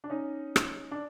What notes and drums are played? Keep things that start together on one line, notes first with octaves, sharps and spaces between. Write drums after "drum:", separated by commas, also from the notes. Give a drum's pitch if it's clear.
D4
C#4 D#4
drum: rim click
D4